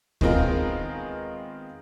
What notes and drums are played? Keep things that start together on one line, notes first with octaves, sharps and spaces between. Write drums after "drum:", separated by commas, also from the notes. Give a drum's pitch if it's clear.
D#3 G#3 B3 C4 F4 A#4, drum: kick